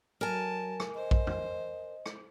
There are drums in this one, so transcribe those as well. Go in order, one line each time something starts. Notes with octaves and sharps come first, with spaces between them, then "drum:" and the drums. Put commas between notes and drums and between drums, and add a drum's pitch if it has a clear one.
F#3 A#4 G#5 A5
drum: rim click
C5 D#5
drum: kick A#1
drum: tom F2
drum: rim click